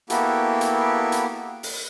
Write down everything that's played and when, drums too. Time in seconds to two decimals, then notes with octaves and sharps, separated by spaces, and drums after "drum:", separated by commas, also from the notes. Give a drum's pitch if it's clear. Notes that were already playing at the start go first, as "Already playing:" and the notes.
0.10 A#3 B3 E4 F#4 G4 A4, drum: hi-hat
0.61 drum: hi-hat
1.12 drum: hi-hat
1.63 drum: open hi-hat